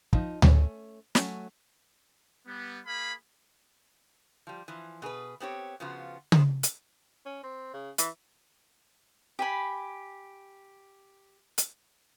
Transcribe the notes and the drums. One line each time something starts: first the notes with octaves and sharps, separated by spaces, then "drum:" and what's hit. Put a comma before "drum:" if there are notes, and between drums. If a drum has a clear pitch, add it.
F3 D#4, drum: kick
A3 C#4, drum: tom D2
F#3 A3 C#4, drum: snare
G3 B3
A#3 G#4 F5 B5
F3 G3
E3 F3
B2 G#4 A#4 B4
B3 C4 G4 C#5
C#3 F3 B3 F4 F#4
C3 D#3 B3 C5, drum: tom C#3
drum: hi-hat
C#4
C4
C#3
E3, drum: hi-hat
G4 G#5 B5
drum: hi-hat